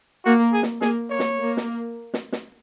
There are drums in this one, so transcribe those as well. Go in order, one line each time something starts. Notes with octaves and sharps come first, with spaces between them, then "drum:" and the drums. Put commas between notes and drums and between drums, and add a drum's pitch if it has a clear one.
A#3 F#4
G#4
drum: snare
A#3 G#4, drum: snare
A#3 C#5
drum: snare
A#3
drum: snare
drum: snare
drum: snare